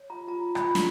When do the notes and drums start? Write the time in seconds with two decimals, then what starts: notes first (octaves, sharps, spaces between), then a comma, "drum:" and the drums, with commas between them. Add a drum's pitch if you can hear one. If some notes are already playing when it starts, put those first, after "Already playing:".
Already playing: C#5
0.10 F4 A#5
0.27 F4 A#5
0.46 F4
0.55 B5, drum: rim click
0.64 F4
0.75 A#5, drum: snare